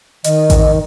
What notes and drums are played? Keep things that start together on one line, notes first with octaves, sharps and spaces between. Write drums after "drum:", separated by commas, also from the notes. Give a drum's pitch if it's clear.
D#3 D#5, drum: hi-hat
drum: kick A1, hi-hat